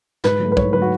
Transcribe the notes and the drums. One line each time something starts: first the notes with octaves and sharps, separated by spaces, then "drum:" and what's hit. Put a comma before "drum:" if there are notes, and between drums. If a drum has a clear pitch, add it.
G#2 B4, drum: snare
F#3 A3
B4
G#2 C#5, drum: kick
F#3 A3 B4
F#4